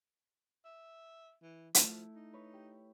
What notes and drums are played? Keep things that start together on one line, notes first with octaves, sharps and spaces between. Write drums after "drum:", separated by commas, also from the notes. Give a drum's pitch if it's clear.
E5
E3
F3 A3 E4, drum: hi-hat
D#4
B4 C#5
G4